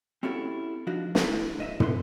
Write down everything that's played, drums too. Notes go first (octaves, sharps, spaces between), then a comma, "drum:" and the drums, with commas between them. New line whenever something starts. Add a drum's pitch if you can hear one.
C4 C#4 E4 F#4 G4 A4
F3 D4 D#4 F#4
drum: snare
E4 A4
G#2 D#5 E5
C2 D3 B4 C6, drum: tom